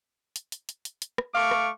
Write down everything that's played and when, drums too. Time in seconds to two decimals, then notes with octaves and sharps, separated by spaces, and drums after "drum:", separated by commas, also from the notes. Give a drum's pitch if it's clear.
0.36 drum: hi-hat
0.52 drum: hi-hat
0.69 drum: hi-hat
0.85 drum: hi-hat
1.02 drum: hi-hat
1.18 drum: rim click
1.35 A3 F5 C#6 D6
1.51 drum: rim click